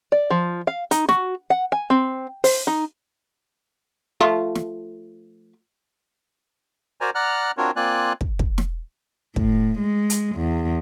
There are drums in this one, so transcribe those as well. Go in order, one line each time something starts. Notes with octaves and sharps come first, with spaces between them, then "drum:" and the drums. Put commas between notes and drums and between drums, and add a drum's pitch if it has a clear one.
D5
F3
F5
D#4, drum: hi-hat
F#4, drum: snare
F#5
G#5
C4
C5, drum: open hi-hat
D#4
F3 A3 F4
drum: snare
F#4 A#4 C5 D5 G#5 A#5
D5 F#5 A#5 F6 F#6
C4 D4 F4 F#4 A#4 C#5
A#3 C4 F4 D5 G#5 F#6
drum: kick
drum: kick
drum: snare
A2, drum: kick
G#3
drum: hi-hat
E2